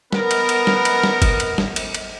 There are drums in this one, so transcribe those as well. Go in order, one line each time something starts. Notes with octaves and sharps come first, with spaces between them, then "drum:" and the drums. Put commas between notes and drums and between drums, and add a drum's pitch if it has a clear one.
B3 A#4, drum: snare
drum: cymbal
drum: cymbal
drum: snare
drum: cymbal
drum: snare
drum: kick, cymbal
drum: cymbal
drum: snare
drum: cymbal
drum: cymbal